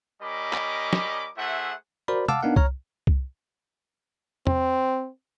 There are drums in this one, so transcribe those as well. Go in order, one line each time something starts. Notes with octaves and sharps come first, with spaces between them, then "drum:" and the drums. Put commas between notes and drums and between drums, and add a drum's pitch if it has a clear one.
G3 C#4 A#4 D#5 B5 D6
drum: clap
drum: snare
A3 E4 G#4 C5 E5 F#5
F#4 A#4 C5 D5 B5
F5 F#5 A5 D6 E6 F6, drum: tom
B3 D4 D#4 A#4 F5 F#5
C#5 A#5 F6, drum: kick C2
drum: kick C2
C4, drum: tom E2